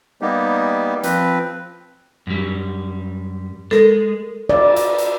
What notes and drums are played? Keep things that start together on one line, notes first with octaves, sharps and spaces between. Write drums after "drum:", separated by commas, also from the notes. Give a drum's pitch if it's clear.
G3 A#3 B3 D#4 G4
F3 C4 B4, drum: hi-hat
F#2 G3
G#3 A4 A#4, drum: snare
D5, drum: cymbal
drum: hi-hat
drum: hi-hat